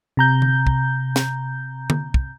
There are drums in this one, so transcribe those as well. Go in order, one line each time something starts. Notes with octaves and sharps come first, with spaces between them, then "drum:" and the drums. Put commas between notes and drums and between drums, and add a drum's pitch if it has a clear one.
C3 A#5 G6
drum: tom D3
drum: kick
drum: snare
drum: tom D3
drum: kick